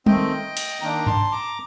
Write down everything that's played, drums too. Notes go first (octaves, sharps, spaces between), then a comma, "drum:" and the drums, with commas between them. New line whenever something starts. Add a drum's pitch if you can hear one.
D#3 A3 C4 D#5 G5, drum: tom
drum: cymbal
D#3 A#3 D4 G5 A#5
A5 C6, drum: tom G2
A#5 D6